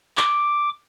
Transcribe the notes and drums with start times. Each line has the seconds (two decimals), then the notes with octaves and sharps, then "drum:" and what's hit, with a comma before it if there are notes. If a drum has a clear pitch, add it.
0.17 D6, drum: clap